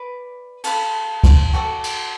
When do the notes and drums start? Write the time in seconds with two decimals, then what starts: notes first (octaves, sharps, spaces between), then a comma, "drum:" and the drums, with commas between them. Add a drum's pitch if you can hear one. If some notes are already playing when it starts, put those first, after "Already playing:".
Already playing: B4 D5
0.64 A4 F5 B5, drum: cymbal
1.24 drum: kick, cymbal
1.53 F#4 A4 D5 F#5
1.84 drum: cymbal